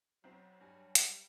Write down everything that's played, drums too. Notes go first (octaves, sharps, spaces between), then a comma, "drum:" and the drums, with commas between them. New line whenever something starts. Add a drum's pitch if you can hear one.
B1 F#3 C4
G2 G3 G#5
G3, drum: hi-hat